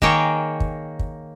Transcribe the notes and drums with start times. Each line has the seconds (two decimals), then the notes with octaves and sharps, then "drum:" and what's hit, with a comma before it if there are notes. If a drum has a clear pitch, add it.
0.02 D#3 A#3 G#4 C#5 G5 A5, drum: kick
0.60 drum: kick
0.99 drum: kick